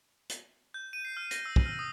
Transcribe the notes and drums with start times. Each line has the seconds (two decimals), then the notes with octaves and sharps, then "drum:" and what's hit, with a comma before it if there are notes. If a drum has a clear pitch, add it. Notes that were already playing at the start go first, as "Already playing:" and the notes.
0.29 drum: hi-hat
0.74 G6
0.93 D#7
1.05 C7
1.17 F6
1.31 A#6, drum: hi-hat
1.45 E6
1.56 drum: kick
1.66 F6
1.79 D#6